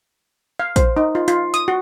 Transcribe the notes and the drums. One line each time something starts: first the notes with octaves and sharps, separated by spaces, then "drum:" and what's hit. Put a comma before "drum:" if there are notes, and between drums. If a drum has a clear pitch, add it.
F5
C5, drum: kick, hi-hat
D#4
F4
F4, drum: hi-hat
D#6, drum: hi-hat
F#4